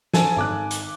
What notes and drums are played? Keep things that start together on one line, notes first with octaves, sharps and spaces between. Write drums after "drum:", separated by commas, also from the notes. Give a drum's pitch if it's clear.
A4 G#5, drum: snare
G#1 D6 F#6
drum: hi-hat